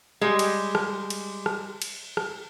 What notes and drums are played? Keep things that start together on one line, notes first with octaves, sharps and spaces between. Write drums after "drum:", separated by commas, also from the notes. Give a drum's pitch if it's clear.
G3 G#3
drum: cymbal
drum: rim click
drum: cymbal
drum: rim click
drum: cymbal
drum: rim click